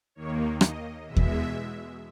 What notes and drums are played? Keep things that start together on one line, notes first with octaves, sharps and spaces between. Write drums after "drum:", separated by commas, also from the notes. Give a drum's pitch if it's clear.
D#2 D#3 A#3 C#5
D#5, drum: rim click
E2 B2 G#3 E5
drum: kick D#2